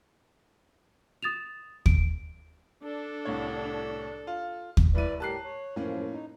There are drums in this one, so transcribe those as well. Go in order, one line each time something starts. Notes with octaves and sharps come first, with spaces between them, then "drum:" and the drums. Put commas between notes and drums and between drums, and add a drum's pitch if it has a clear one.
D#6 A6 E7 F7
D7, drum: kick
D4 A4
C2 A2 C#5
F4
drum: kick
C2 E4 B4 D5 D#7
A2 G4 A#4 A5 F#6 C7
C#5
F#2 A2 F3 A#3 C#4
D#4